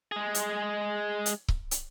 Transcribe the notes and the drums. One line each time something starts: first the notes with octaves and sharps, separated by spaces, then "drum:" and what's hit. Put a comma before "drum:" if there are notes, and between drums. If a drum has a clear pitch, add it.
G#3 G#4
drum: hi-hat
drum: hi-hat
drum: kick C#1
drum: hi-hat